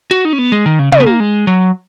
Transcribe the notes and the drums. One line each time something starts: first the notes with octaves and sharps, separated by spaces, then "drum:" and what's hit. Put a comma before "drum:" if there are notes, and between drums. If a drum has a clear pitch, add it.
F#4
D#4
C#4
B3
G#3
D#3
C#3
C#3, drum: tom
B3
A#3
G#3
F#3